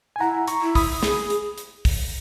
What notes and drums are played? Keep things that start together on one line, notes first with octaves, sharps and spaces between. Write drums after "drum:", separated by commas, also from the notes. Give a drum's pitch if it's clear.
G#5
E4 F#5 A#5
A#5 C#6, drum: hi-hat
E4
B5 D#6, drum: kick, open hi-hat
G#4 B5 D#6, drum: snare
drum: hi-hat
drum: hi-hat
drum: kick, open hi-hat